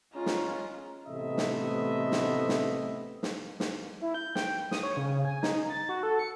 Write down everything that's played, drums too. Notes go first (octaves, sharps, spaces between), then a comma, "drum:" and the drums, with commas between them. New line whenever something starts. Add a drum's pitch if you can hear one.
G#3 C#4 F4 A#5
drum: snare
A1 C3 A3 B3 D#5 E5
drum: snare
drum: snare
drum: snare
drum: snare
drum: snare
E4
G6
G5, drum: snare
D#6, drum: snare
C#5
C#3
G#5
D#4, drum: snare
A6
F#4
A4
C#7